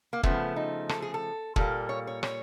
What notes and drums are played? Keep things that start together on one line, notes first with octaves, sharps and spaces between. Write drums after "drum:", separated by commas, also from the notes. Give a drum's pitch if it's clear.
A#3
C#3 F3 A3 B3, drum: kick
D#4
A4, drum: rim click
G#4
A4
A#2 G3 A#3 A4, drum: kick
C#5
C#5
C#5, drum: rim click